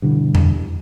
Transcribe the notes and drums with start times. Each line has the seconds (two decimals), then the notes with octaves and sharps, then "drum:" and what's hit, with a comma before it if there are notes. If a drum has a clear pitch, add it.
0.02 G2 B2 D3 E3
0.35 drum: tom E2